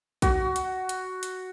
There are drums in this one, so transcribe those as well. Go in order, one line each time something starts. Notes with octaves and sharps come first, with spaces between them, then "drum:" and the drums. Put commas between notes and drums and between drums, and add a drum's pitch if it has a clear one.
F#4, drum: kick, hi-hat
drum: hi-hat
drum: hi-hat
drum: hi-hat